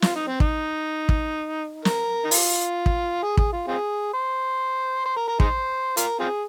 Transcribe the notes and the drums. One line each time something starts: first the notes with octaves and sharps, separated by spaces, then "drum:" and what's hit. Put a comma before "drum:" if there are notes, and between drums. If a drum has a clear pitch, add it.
F4, drum: snare
D#4
C4
D#4, drum: kick
drum: kick
A#4, drum: snare
D#4
F4, drum: open hi-hat
drum: kick
G#4
G#4, drum: kick
F4
C4 F4 G#4
C5
C5
A#4
A#4
D#4 G#4 C5, drum: kick
F4 A#4, drum: hi-hat
C4 F4 G#4